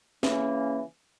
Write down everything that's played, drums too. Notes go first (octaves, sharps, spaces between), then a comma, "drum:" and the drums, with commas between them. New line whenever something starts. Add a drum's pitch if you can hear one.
C#3 E3 A#3 C#4, drum: snare